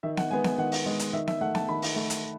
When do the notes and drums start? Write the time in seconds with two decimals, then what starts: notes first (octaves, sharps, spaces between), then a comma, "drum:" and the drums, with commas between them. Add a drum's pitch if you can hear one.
0.03 D#3 E5
0.17 F#5, drum: snare B3
0.30 G#3 B3 G#5
0.44 G#5, drum: snare B3
0.58 D#3 F#5
0.72 drum: open hi-hat
0.86 G#3 B3
0.99 drum: hi-hat
1.13 D#3 E5
1.27 E5, drum: snare B3
1.41 A3 F#5
1.55 A5, drum: snare B3
1.69 D#3 B5
1.82 drum: open hi-hat
1.96 A3
2.10 drum: hi-hat